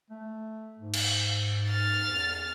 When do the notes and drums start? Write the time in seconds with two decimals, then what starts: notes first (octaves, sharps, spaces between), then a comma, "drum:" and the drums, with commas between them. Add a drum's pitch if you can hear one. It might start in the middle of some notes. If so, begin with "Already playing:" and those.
0.10 A3
0.79 G#2
0.94 drum: cymbal
1.69 F6 A6
2.03 E2